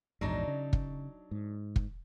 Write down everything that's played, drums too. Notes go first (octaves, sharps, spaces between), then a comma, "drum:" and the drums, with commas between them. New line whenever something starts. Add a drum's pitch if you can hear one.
A#1 E2 G#2 F#3 D4 D#4
C#3
drum: kick
G#2
drum: kick